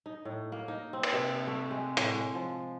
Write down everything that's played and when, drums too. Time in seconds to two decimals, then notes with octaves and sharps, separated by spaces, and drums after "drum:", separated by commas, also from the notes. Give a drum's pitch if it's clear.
0.06 D#4
0.25 A2
0.52 A#3
0.68 D#4
0.93 C4
1.03 drum: cymbal
1.13 C3
1.47 A3
1.71 G#3
1.97 A2, drum: hi-hat
2.14 G#3
2.35 F3